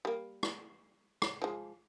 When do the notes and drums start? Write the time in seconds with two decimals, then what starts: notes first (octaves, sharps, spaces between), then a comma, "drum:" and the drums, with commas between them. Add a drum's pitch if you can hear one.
0.05 G3 A#3
0.43 drum: rim click
1.22 drum: rim click
1.42 F3 G#3